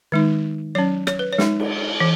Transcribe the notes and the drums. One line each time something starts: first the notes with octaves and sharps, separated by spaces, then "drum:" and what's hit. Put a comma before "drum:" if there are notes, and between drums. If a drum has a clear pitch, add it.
D#3 G#3 D#4
F#3 C#4 C#5
C#5, drum: rim click
B4
C#5
G#3 D#4, drum: snare
drum: cymbal
E3